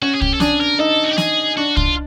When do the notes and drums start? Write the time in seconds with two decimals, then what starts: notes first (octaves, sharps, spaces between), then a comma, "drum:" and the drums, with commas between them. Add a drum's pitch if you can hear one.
0.02 C#4 F#4
0.15 G#4
0.21 G4, drum: kick
0.34 A4
0.40 D4 G#4, drum: snare
0.61 A#4
0.79 D#4 A4
1.04 F#4
1.11 G4
1.18 G#4, drum: snare
1.57 D4 F#4
1.77 F4, drum: kick